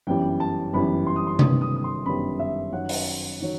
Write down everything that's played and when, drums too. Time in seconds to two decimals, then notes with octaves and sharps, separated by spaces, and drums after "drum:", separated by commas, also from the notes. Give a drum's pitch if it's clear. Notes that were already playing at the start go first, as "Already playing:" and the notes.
0.07 G1 F#2 E3 G3 G5
0.40 A5
0.73 G1 F#2 E3 G3 B5
1.07 C6
1.16 D#6
1.27 C6
1.39 G1 F#2 D#3 G3 D#6, drum: tom C3
1.61 D#6
1.76 D#6
1.84 C6
2.06 G1 F#2 D#3 G3 B5
2.39 E5
2.73 F#2 D#3 F#3 F#5
2.89 drum: open hi-hat
3.40 D#3 F#3